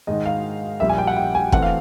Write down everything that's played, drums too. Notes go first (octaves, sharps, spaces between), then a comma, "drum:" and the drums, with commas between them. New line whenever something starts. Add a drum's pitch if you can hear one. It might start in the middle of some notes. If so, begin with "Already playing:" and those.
G#2 D#3 G#3 D#5
F5
A#1 A#2 G3 E5
G#5
G5
F#5
G5
G#5
E3 A3 C4 F#5, drum: kick
F5